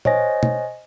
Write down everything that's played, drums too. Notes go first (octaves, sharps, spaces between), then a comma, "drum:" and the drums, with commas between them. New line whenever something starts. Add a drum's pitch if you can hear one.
C5 C#5 D#5 G#5 A#6, drum: tom A#2
drum: tom